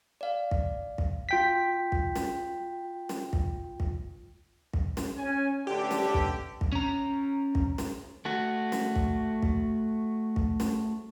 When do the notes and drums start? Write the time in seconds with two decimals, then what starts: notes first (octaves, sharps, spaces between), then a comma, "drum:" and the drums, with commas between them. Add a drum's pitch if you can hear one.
0.21 D5 F5
0.51 drum: kick
0.98 drum: kick
1.29 F4 G5 B6
1.92 drum: kick
2.16 drum: snare
3.09 drum: snare
3.33 drum: kick
3.80 drum: kick
4.73 drum: kick
4.97 drum: snare
5.18 C#4 G#5
5.67 A1 D3 G4
5.91 drum: snare
6.14 drum: kick
6.61 drum: kick
6.72 C#4 A#5
7.55 drum: kick
7.78 drum: snare
8.25 A3 F#4
8.72 drum: snare
8.96 drum: kick
9.42 drum: kick
10.36 drum: kick
10.60 drum: snare